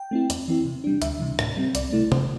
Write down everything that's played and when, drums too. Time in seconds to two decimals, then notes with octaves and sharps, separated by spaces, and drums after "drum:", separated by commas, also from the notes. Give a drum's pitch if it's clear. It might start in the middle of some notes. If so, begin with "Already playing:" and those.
Already playing: G5
0.11 A3 C4 E4
0.30 E2, drum: hi-hat
0.48 E3 C4 E4
0.65 C3
0.84 G3 D4
1.02 D2 E5, drum: hi-hat
1.20 C3 E3
1.39 A2, drum: rim click
1.57 G3 C4
1.75 C2 D5, drum: hi-hat
1.93 C3 A3 E4
2.12 C3 C5, drum: tom